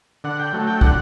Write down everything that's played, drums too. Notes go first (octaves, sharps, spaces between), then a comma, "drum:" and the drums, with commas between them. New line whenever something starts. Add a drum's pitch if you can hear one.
D3 F#5
G5
F#3 A3
G5
D3 F#5, drum: kick